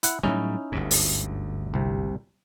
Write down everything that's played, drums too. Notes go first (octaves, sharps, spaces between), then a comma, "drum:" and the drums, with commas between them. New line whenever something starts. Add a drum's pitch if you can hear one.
E4 F#5, drum: hi-hat
A2 F#3 G3 C#4 D#4 E4
G1 D2 G#2
drum: open hi-hat
C2 C3